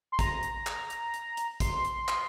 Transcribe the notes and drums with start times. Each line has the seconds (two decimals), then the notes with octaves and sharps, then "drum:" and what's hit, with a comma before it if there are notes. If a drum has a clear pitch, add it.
0.12 C6
0.19 A#5, drum: kick, hi-hat
0.43 drum: hi-hat
0.66 drum: clap
0.90 drum: hi-hat
1.14 drum: hi-hat
1.37 drum: hi-hat
1.60 C6, drum: kick, hi-hat
1.85 drum: hi-hat
2.08 drum: clap